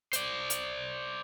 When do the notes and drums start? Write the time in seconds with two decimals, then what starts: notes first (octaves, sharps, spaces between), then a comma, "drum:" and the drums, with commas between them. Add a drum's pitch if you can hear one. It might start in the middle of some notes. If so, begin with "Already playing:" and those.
0.13 C5 D5, drum: hi-hat
0.50 drum: hi-hat